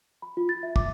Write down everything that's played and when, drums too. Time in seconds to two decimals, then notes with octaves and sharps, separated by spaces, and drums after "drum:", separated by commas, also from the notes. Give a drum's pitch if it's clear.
0.22 B5
0.37 F4
0.49 A6
0.63 E5
0.76 D6, drum: kick